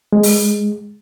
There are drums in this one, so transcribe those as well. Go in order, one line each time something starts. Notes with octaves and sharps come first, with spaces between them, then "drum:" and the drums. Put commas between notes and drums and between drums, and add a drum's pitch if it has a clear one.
G#3
drum: open hi-hat